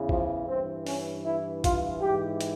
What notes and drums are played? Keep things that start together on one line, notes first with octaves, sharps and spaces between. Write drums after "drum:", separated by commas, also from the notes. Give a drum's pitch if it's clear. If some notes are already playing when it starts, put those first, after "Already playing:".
Already playing: E2 C#3 E3
F3, drum: kick
G2 E3 C4
C#4, drum: open hi-hat
E4
F4, drum: kick, hi-hat
G#2 E3 G4
drum: hi-hat